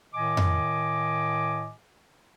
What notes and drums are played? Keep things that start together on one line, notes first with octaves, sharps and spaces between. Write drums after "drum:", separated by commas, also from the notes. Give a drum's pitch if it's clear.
A2 D#3 D#5 G#5 D6
drum: tom F2